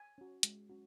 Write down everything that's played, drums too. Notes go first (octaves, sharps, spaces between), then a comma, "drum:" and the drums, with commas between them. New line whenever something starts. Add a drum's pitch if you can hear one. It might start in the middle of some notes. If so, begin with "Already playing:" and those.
Already playing: G#5
C#4 F#4
G#3, drum: hi-hat
C#4 F#4